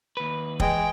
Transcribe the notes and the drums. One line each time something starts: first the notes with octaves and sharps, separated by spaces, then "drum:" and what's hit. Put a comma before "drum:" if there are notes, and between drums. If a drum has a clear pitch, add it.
D#2 B4
E3 G#3 G5, drum: kick